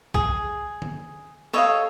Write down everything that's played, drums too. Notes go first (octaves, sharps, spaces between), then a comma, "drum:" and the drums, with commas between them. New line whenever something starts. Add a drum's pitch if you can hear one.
G#3 G#4, drum: kick
drum: tom D3
G3 A4 C#5 D#5 F5